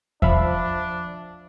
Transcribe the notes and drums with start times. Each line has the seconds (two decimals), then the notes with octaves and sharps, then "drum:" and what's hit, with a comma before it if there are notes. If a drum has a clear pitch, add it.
0.22 F3 D4 E5 F5 B5, drum: kick E2